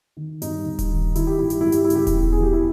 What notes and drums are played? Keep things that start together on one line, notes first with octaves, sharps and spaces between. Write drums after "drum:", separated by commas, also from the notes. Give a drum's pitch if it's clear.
D#3
G2 D#4, drum: hi-hat
G2
drum: kick D#1, hi-hat
D#3
D#3 E4, drum: hi-hat
G4
G2 E4
G4, drum: hi-hat
G2 E4
G4, drum: hi-hat
E4
C#3, drum: hi-hat
G4
E4, drum: kick D#1, hi-hat
E2
G#4
E3 G4
E4